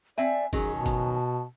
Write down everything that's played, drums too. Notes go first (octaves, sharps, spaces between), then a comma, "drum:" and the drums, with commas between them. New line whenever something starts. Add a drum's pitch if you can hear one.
C4 D5 E5 G#5
D#3 F#3 C#4 G#4, drum: kick, hi-hat
B2 A5
drum: kick, hi-hat
A5